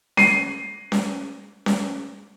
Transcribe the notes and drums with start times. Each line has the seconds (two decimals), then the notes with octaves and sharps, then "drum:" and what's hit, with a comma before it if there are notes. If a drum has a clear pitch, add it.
0.17 C7 D#7, drum: snare C#4
0.92 drum: snare C#4
1.66 drum: snare C#4